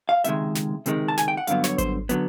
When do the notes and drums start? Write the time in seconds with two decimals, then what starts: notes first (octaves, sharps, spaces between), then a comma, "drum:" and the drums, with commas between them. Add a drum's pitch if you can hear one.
0.09 F5
0.24 C#2 C3 D#3 G#3 E5, drum: hi-hat
0.55 drum: snare
0.86 C#2 C3 D#3 G#3, drum: hi-hat
1.08 A5
1.18 G#5, drum: snare
1.28 G5
1.37 F#5
1.47 G2 D3 F#3 B3 F5, drum: hi-hat
1.64 C#5, drum: snare
1.78 C5, drum: kick G#1, hi-hat
2.09 D3 F#3 B3, drum: hi-hat